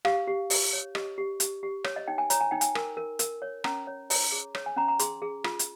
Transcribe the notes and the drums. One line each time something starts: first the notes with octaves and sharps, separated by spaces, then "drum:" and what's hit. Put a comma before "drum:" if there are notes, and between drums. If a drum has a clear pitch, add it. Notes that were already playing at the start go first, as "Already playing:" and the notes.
G4 F5, drum: rim click
G4
G4, drum: open hi-hat
C#5
G4 D#5, drum: rim click
G4
G4, drum: hi-hat
G4
C#5, drum: rim click
D#5
D#4 G5
G#5
C#5 A#5, drum: hi-hat
G#5
D#4 G5
G#5, drum: hi-hat
A#4, drum: rim click
A#4
A#4, drum: hi-hat
C#5
C#4 A#5, drum: rim click
C#5
C#5 A#5, drum: open hi-hat
G#4
C#5, drum: rim click
G#5
C#4 A#5
A#5
G#4 C6, drum: hi-hat
G#4
F4, drum: rim click
drum: hi-hat